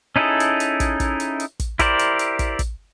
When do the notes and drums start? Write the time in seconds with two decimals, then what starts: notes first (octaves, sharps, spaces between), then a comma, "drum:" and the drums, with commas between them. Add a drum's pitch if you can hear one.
0.16 C#4 D#4 E4 G#4 A4
0.40 drum: hi-hat
0.60 drum: hi-hat
0.80 drum: kick, hi-hat
1.00 drum: kick, hi-hat
1.20 drum: hi-hat
1.40 drum: hi-hat
1.60 drum: kick, hi-hat
1.79 E4 G4 A#4 C5 D5, drum: kick, hi-hat
1.99 drum: hi-hat
2.19 drum: hi-hat
2.39 drum: kick, hi-hat
2.59 drum: kick, hi-hat